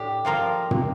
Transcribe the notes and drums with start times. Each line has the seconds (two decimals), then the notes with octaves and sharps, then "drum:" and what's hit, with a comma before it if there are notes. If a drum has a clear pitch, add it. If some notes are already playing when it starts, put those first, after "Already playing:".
Already playing: A2 D4 G4
0.25 F3 A#3 F4 A#4
0.71 drum: tom